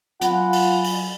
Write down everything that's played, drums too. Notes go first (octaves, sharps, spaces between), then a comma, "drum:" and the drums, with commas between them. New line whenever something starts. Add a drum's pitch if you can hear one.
F#3 F4 F#5 G#5 B5, drum: hi-hat
drum: open hi-hat
drum: open hi-hat